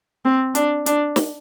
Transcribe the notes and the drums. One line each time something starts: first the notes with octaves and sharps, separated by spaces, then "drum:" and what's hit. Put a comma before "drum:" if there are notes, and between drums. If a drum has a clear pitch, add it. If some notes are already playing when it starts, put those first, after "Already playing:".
C4
D4, drum: hi-hat
D4, drum: hi-hat
drum: snare